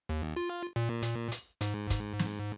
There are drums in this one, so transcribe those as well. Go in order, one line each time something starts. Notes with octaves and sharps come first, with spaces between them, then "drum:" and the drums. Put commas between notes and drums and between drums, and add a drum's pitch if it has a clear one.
D#2
F4
A#2
drum: hi-hat
drum: hi-hat
G#2, drum: hi-hat
drum: kick, hi-hat
drum: snare